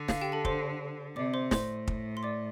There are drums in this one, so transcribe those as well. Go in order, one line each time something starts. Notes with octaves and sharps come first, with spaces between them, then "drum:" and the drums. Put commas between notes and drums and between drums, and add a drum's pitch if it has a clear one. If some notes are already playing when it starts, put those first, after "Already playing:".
Already playing: D3
F5, drum: snare
G4 G5
A4 A5
C5 C6, drum: kick
C3 D5 D6
C5 C6
A2 C5 C6, drum: snare
drum: kick
C6
D5 D6